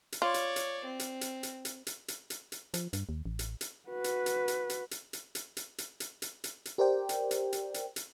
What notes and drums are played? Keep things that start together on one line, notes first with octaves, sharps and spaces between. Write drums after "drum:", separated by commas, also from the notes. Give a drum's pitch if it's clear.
drum: hi-hat
F4 C#5 D5
drum: hi-hat
drum: hi-hat
C4
drum: hi-hat
drum: hi-hat
drum: hi-hat
drum: hi-hat
drum: hi-hat
drum: hi-hat
drum: hi-hat
drum: hi-hat
F3, drum: hi-hat
G2, drum: hi-hat
D#2
A1
drum: hi-hat
drum: hi-hat
F#4 B4
drum: hi-hat
drum: hi-hat
drum: hi-hat
drum: hi-hat
drum: hi-hat
drum: hi-hat
drum: hi-hat
drum: hi-hat
drum: hi-hat
drum: hi-hat
drum: hi-hat
drum: hi-hat
drum: hi-hat
G4 A#4 C5 D5 G5
drum: hi-hat
drum: hi-hat
drum: hi-hat
drum: hi-hat
drum: hi-hat